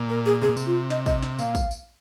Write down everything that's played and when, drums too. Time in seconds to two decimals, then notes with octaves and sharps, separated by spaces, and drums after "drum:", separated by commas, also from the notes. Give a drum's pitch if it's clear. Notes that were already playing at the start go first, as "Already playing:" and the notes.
Already playing: A#2
0.09 A#4
0.26 G#4
0.42 C3 G#4
0.49 A#2
0.57 C3, drum: tambourine
0.66 F4
0.90 D#5, drum: snare
1.06 D#5, drum: kick, tambourine
1.23 drum: snare
1.39 A#2 F5, drum: tambourine
1.55 drum: kick, tambourine
1.71 drum: tambourine